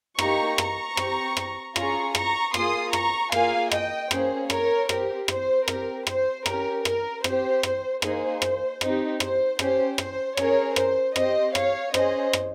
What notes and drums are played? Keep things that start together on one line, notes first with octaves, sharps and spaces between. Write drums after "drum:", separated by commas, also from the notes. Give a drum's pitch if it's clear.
A#3 D#4 G4 A#5 C#6, drum: rim click
A#5 C#6, drum: rim click
C4 G4, drum: rim click
drum: rim click
C#4 F4 G#4 A#5 C#6, drum: rim click
A#5 C#6, drum: rim click
A#3 F4 G#4 C6 D#6, drum: rim click
A#5 C#6, drum: rim click
A#3 F4 G#4 F5 G#5, drum: rim click
D#5 G5, drum: rim click
A#3 C#4 G#4 C5, drum: rim click
A#4 C#5, drum: rim click
C4 G4 A#4, drum: rim click
C5, drum: rim click
C4 G4 A#4, drum: rim click
C5, drum: rim click
C#4 G4 A#4, drum: rim click
A#4, drum: rim click
C4 G4 C5, drum: rim click
drum: rim click
A#3 D#4 G#4 C5, drum: rim click
drum: rim click
C4 D#4 G4, drum: rim click
C5, drum: rim click
C#4 G4 C5, drum: rim click
C5, drum: rim click
C#4 G#4 A#4 C#5, drum: rim click
C5, drum: rim click
C4 G4 C5 D#5, drum: rim click
C#5 F5, drum: rim click
C#4 G#4 C5 D#5, drum: rim click
drum: rim click